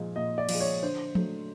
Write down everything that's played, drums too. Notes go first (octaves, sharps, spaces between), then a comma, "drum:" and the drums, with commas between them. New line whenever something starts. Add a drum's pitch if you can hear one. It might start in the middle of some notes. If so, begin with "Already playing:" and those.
Already playing: A#2 F3 G#3
A#2 D#5
D5
F3, drum: cymbal
G#3
C#5
D3 C5
F#3 A3, drum: tom F3